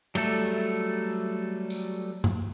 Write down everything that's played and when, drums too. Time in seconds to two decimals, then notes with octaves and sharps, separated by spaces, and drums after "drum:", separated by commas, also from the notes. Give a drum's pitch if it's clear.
0.15 F#3 G3 A3 A4, drum: cymbal
1.70 drum: tambourine
2.24 drum: tom